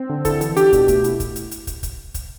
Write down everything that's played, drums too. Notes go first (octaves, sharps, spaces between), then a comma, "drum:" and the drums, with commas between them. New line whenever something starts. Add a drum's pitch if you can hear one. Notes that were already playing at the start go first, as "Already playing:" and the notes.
Already playing: C4
D3
E4 A4, drum: kick, hi-hat
E3 A4, drum: hi-hat
D4 G4, drum: hi-hat
B2 G4, drum: kick, hi-hat
A3, drum: kick, hi-hat
E4, drum: hi-hat
drum: kick, hi-hat
drum: hi-hat
drum: hi-hat
drum: kick, hi-hat
drum: kick, hi-hat
drum: kick, hi-hat